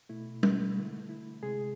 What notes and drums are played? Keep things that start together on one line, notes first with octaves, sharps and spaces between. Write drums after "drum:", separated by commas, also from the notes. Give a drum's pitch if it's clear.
B2 A3 E4
E4, drum: tom
D3 A3
E4
C3 G#3 G#4